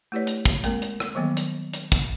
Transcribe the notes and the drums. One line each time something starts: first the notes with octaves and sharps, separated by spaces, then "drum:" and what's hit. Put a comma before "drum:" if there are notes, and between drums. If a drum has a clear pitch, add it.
A3 E4 G4 B4 C#5 D5
drum: hi-hat
drum: kick, hi-hat
G#3 A#3 C4 A#4, drum: hi-hat
drum: hi-hat
drum: rim click
D#3 E3 F#3 G3 A#3 B3
drum: hi-hat
drum: hi-hat
drum: kick, hi-hat